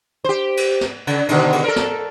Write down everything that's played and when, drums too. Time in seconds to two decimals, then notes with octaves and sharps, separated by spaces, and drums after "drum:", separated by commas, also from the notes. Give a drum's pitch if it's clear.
0.24 G4 C5
0.57 drum: cymbal
0.81 drum: snare
1.07 C#3, drum: cymbal
1.29 B2 D3 D#3, drum: cymbal
1.52 drum: cymbal
1.64 A4 A#4
1.76 drum: snare